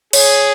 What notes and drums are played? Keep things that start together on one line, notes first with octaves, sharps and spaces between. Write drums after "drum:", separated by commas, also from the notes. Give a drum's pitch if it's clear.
G#4 C#5, drum: cymbal